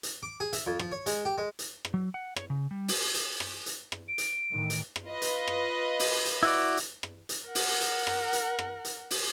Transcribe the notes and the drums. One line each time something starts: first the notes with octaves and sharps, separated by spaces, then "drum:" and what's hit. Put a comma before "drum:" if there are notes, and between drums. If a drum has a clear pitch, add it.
drum: hi-hat
D6
G#4
E5, drum: hi-hat
F2
F3, drum: rim click
C#5
G#3, drum: hi-hat
G4
G#3
drum: hi-hat
drum: rim click
F#3
F#5
C#5, drum: rim click
C#3
G3
drum: open hi-hat
drum: hi-hat
drum: rim click
drum: hi-hat
drum: rim click
D7
drum: hi-hat
A2 D#3 E3
drum: hi-hat
drum: rim click
F4 B4 D#5
drum: hi-hat
drum: rim click
drum: open hi-hat
drum: hi-hat
E4 F#4 D5
drum: hi-hat
drum: rim click
drum: hi-hat
A#4 F#5
drum: open hi-hat
drum: hi-hat
drum: rim click
drum: hi-hat
drum: rim click
drum: hi-hat
drum: open hi-hat